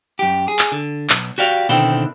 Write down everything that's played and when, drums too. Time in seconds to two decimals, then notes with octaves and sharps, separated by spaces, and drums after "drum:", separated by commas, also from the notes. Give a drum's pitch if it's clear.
0.19 F#2 G4
0.48 G#4
0.59 drum: clap
0.72 D3
1.10 B1, drum: clap
1.38 F#4 G4 D5 F5
1.69 B2 D3 D#3 C4 E4 G5